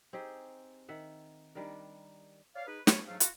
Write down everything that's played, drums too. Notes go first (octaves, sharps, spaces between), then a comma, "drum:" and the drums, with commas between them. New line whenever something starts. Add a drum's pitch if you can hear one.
C4 D#4 G4 G#4
D#3 E5 F#5
D#3 G3 D4 A#4
C#5 D5 F5
D#4 G#4 B4
F#3 A3 B4 C#5, drum: snare
G#2 F#3 A3 F5
F4 F#4, drum: hi-hat